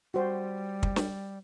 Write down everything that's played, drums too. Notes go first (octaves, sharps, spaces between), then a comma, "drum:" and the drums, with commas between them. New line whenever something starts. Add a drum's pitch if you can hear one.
G3 F#4 C5
drum: kick
drum: snare